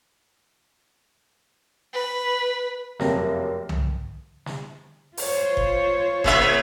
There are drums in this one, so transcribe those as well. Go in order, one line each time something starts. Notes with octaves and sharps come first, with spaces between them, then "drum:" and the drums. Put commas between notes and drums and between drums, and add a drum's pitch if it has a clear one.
B4
F1 F#2 A#3 C4 A#6, drum: snare
drum: tom C2
drum: snare
F4 C5 C#5, drum: open hi-hat
drum: kick F#1
C#3 A#3 E5, drum: kick F#1